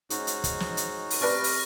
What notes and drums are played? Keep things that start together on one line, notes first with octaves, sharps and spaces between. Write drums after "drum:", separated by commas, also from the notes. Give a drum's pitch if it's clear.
G#2 C#4 D#4 F#4, drum: hi-hat
drum: hi-hat
drum: kick, hi-hat
drum: snare
drum: hi-hat
drum: open hi-hat
C3 B4 D5 C#6 F6 A#6
drum: open hi-hat